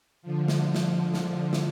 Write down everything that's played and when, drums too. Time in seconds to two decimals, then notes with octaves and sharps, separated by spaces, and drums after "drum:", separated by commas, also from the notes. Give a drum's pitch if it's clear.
0.22 D3 F3
0.48 drum: snare
0.75 drum: snare
1.14 drum: snare
1.53 drum: snare